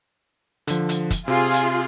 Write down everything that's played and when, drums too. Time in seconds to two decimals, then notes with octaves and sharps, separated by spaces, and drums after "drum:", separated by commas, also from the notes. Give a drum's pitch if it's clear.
0.67 D3 F3, drum: hi-hat
0.89 drum: hi-hat
1.10 drum: kick, hi-hat
1.28 C3 F4 G#4 C6
1.54 drum: hi-hat